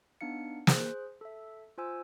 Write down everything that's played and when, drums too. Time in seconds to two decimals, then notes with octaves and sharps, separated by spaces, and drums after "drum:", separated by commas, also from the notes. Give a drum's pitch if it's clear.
0.21 B3 D4 D#4 F5 C#7
0.67 G#4 C5 F#6, drum: snare
1.21 A4 E5
1.78 F4 C5 G#5 E6